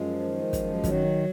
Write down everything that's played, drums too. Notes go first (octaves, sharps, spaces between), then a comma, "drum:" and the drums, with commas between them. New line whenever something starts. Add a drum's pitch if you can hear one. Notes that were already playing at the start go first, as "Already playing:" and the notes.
Already playing: F#2 F3 G#3
D#3
F#2, drum: kick, hi-hat
D#3 F#3, drum: kick, hi-hat